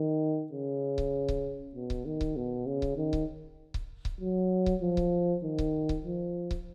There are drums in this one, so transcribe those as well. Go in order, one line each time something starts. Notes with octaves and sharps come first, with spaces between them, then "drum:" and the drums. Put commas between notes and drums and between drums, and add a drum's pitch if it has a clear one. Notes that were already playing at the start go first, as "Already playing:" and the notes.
Already playing: D#3
C#3
drum: kick C#1
drum: kick C#1
B2
drum: kick C#1
D#3
drum: kick C#1
B2
C#3
drum: kick C#1
D#3
drum: kick C#1
drum: kick C#1
drum: kick C#1
F#3
drum: kick C#1
F3
drum: kick C#1
D#3
drum: kick C#1
drum: kick C#1
F3
drum: kick C#1